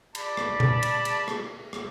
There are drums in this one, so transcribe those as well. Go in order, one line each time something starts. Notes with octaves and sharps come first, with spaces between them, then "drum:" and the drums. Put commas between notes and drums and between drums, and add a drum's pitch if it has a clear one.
D5 A5 B5, drum: cymbal
drum: rim click
drum: tom A#2
drum: cymbal
drum: cymbal
drum: rim click
drum: rim click